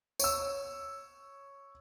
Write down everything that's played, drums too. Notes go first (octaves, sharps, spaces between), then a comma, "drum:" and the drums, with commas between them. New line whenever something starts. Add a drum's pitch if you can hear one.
C#5 E6, drum: tambourine